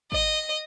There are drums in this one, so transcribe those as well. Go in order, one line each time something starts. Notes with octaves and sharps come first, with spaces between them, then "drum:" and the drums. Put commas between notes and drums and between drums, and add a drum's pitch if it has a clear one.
D#5, drum: kick